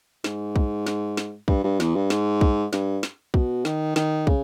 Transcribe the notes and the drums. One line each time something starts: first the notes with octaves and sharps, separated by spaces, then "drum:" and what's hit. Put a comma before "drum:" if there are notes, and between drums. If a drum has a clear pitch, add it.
G#2, drum: snare
drum: kick
drum: snare
drum: snare
G2, drum: kick
G2
E2, drum: snare
G2
G#2, drum: snare
drum: kick
G2, drum: snare
drum: snare
B2, drum: kick
D#3, drum: snare
D#3, drum: snare
C#3, drum: kick